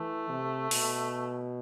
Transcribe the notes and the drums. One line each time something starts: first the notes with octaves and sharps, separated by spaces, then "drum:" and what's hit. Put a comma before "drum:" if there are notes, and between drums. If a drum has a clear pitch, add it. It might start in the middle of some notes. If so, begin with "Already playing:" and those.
Already playing: E3 A3
C3
B2, drum: open hi-hat